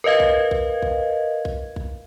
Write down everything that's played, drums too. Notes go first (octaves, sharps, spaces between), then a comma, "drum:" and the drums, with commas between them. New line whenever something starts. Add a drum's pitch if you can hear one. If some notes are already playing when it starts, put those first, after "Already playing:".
A#4 B4 D#5 F5 G#6
drum: kick B1
drum: kick B1
drum: kick B1
drum: kick B1
drum: kick B1